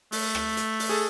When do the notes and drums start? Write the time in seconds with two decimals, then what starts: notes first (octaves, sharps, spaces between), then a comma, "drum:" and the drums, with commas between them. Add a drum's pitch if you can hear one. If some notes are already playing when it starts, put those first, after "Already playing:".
0.12 A3, drum: open hi-hat
0.35 drum: rim click
0.57 drum: hi-hat
0.80 drum: open hi-hat
0.89 G#4 A4